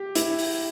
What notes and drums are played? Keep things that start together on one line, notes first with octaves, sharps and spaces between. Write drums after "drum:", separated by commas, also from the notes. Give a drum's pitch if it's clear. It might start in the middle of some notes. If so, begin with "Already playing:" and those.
Already playing: G4
E4, drum: hi-hat
drum: open hi-hat